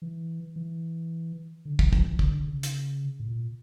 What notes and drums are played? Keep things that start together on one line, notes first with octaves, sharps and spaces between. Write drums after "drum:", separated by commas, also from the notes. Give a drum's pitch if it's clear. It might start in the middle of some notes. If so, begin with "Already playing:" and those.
E3
E3
D3
E3, drum: kick
F3, drum: kick
E3
D3, drum: kick
C#3
drum: hi-hat
A2
A#2